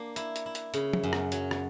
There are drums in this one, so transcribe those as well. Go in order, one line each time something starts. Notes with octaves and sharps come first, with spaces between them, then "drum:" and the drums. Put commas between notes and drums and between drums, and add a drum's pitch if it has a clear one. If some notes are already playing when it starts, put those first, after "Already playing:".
Already playing: A#3 D4
E4, drum: hi-hat
drum: hi-hat
E4
drum: hi-hat
C#3, drum: hi-hat
drum: tom
F#2
drum: rim click
F#3, drum: hi-hat
drum: rim click